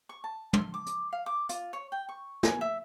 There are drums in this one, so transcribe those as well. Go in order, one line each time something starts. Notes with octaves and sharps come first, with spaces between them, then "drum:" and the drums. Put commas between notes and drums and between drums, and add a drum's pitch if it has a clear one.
C#6
A5
C6, drum: tom
D6
drum: hi-hat
F5
D6
F4, drum: hi-hat
C#5
G5
C#6
G#5, drum: snare
E5